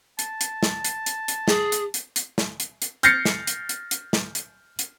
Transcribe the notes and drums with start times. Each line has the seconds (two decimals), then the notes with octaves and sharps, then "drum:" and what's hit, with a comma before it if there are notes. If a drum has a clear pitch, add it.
0.19 A5, drum: hi-hat
0.41 drum: hi-hat
0.63 drum: snare
0.84 drum: hi-hat
1.06 drum: hi-hat
1.28 drum: hi-hat
1.48 G#4, drum: snare
1.72 drum: hi-hat
1.94 drum: hi-hat
2.16 drum: hi-hat
2.38 drum: snare
2.60 drum: hi-hat
2.82 drum: hi-hat
3.03 F6 G6 A6 A#6 C7 C#7, drum: hi-hat
3.25 drum: snare
3.47 drum: hi-hat
3.69 drum: hi-hat
3.91 drum: hi-hat
4.13 drum: snare
4.35 drum: hi-hat
4.79 drum: hi-hat